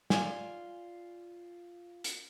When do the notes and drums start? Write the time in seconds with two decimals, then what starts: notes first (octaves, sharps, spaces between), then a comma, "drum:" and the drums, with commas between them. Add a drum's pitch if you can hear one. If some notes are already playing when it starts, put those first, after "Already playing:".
0.10 F4 D5 G#5, drum: snare
2.04 drum: hi-hat